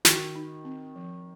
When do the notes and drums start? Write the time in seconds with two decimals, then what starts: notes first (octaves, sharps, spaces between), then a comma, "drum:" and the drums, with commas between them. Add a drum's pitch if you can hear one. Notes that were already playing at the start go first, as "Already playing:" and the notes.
0.05 D#3 F#4, drum: snare
0.35 D#4
0.65 C4
0.96 F3